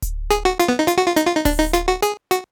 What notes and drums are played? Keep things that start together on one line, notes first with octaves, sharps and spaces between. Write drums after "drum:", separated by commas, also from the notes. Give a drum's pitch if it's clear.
drum: kick D1, hi-hat
G#4, drum: snare
F#4
F4, drum: hi-hat
B3
D#4
F4, drum: hi-hat
F#4
F4
D#4, drum: hi-hat
F4
D#4
D4, drum: kick D1, open hi-hat
D#4
F4, drum: snare
F#4
G#4, drum: hi-hat
F#4, drum: hi-hat